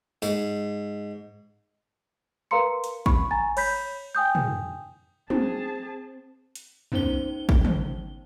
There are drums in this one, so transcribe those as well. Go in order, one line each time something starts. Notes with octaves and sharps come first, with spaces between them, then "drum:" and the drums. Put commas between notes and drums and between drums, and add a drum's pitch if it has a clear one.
G#2, drum: tambourine
A#4 B4 F5 A#5 C6 C#7
drum: hi-hat
B5 C#6, drum: kick
G#5 A#5 A6
C#5 B5 G6 B6, drum: cymbal
G5 G#5 D#6 G6
drum: tom
C4 G#4 A5, drum: tom
drum: hi-hat
B3 C#4 D#4 C5 G7, drum: tom
drum: kick
drum: tom